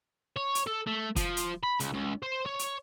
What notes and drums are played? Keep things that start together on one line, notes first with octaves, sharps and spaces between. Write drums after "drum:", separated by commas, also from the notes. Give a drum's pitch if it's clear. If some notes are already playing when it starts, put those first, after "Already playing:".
C#5
drum: hi-hat
A4
A3
F3, drum: kick, hi-hat
drum: hi-hat
B5
C#2, drum: hi-hat
C#2
C5
C#5
drum: hi-hat